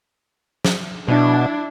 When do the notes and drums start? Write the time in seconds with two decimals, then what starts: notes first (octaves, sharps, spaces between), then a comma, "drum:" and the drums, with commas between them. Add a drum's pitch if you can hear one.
0.65 drum: snare
1.08 B2 D4 E4